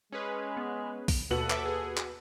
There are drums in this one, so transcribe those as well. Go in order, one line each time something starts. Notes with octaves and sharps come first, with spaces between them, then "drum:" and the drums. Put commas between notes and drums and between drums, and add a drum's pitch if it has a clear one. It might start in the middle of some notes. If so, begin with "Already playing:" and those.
G#3 C#4 G#4 B4
B3
drum: kick A#1, open hi-hat
D#2 B2 B3 F#4 A4 F#7
E5 D6, drum: clap
G#4
drum: clap